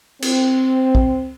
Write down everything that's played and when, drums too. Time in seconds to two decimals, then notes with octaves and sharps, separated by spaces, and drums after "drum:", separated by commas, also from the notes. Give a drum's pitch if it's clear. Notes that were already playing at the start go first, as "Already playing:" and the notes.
0.22 C4, drum: cymbal
0.95 drum: kick